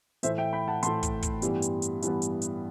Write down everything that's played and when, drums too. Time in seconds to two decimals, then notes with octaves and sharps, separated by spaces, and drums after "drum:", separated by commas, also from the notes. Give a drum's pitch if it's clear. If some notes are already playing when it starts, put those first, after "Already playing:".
0.23 A2 E3 A3 C5 E5, drum: hi-hat
0.38 E5 G5
0.53 G5 B5
0.68 F#5 A5
0.83 A2 E3 A3 A5 C6, drum: hi-hat
1.03 drum: kick, hi-hat
1.22 drum: kick, hi-hat
1.42 G2 E3 G3 B3, drum: hi-hat
1.62 drum: hi-hat
1.82 drum: hi-hat
2.02 G2 E3 G3 B3, drum: hi-hat
2.22 drum: hi-hat
2.42 drum: hi-hat